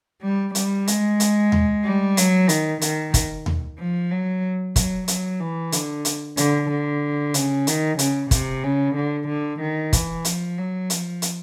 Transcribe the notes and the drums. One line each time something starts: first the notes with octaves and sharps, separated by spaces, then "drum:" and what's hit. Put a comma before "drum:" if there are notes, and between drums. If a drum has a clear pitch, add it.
G3
G3, drum: hi-hat
G#3, drum: hi-hat
drum: hi-hat
drum: tom D#2
G3
F#3, drum: hi-hat
D#3, drum: hi-hat
D#3, drum: hi-hat
drum: kick, hi-hat
drum: tom D#2
F3
F#3
F#3, drum: kick, hi-hat
F#3, drum: hi-hat
E3
D3, drum: hi-hat
drum: hi-hat
D3, drum: hi-hat
D3
C#3, drum: hi-hat
D#3, drum: hi-hat
C#3, drum: hi-hat
C3, drum: kick, hi-hat
C#3
D3
D3
D#3
E3, drum: kick, hi-hat
F3, drum: hi-hat
F#3
F3, drum: hi-hat
drum: hi-hat